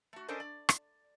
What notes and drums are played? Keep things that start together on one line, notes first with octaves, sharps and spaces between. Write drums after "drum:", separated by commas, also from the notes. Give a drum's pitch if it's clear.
A3 F#4
C#4 D4 A4 A#4 C5 D#5
D5
drum: rim click